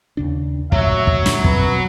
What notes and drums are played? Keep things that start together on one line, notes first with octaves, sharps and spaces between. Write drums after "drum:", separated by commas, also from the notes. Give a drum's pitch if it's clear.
D#2 C#3 D4
D2 A#2 F#3 E5, drum: kick
drum: kick
drum: snare
F2 B2 C4 B4, drum: kick